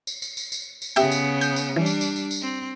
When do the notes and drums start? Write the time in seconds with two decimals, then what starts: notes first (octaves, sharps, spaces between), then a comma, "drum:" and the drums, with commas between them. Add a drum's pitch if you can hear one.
0.07 drum: tambourine
0.22 drum: tambourine
0.37 drum: tambourine
0.52 drum: tambourine
0.82 drum: tambourine
0.96 C#3 B3 G4 E5 G5, drum: tambourine
1.12 drum: tambourine
1.41 G6, drum: tambourine
1.56 drum: tambourine
1.76 E3 G3 D4
1.86 drum: tambourine
2.01 drum: tambourine
2.16 drum: tambourine
2.31 drum: tambourine
2.42 C4